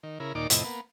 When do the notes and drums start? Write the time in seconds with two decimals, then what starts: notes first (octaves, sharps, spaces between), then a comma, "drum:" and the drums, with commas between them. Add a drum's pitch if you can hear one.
0.03 D#3
0.20 C#3 E4 A#4
0.35 D#2 A#2 D#4 D5 D6
0.50 F2 A2 C3 E4 D#5, drum: hi-hat
0.64 A#3 B3